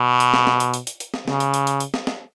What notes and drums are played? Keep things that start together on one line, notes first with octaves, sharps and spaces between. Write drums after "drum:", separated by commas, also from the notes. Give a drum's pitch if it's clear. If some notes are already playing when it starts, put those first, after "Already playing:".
Already playing: B2
drum: hi-hat
drum: snare
drum: snare
drum: hi-hat
drum: hi-hat
drum: hi-hat
drum: hi-hat
drum: snare
C#3, drum: snare
drum: hi-hat
drum: hi-hat
drum: hi-hat
drum: hi-hat
drum: snare
drum: snare